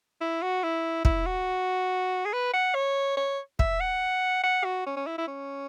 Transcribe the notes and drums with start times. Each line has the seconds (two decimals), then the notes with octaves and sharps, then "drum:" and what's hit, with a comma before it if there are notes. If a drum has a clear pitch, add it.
0.21 E4
0.42 F#4
0.64 E4
1.05 E4, drum: kick
1.26 F#4
2.26 G#4
2.33 B4
2.53 F#5
2.74 C#5
3.17 C#5
3.59 E5, drum: kick
3.80 F#5
4.44 F#5
4.64 F#4
4.86 C#4
4.97 C#4
5.06 E4
5.18 E4
5.28 C#4